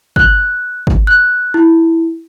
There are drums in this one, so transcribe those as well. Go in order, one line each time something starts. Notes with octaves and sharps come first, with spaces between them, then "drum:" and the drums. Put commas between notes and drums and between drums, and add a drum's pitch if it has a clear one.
F#6, drum: kick G1
drum: kick G1
F#6
E4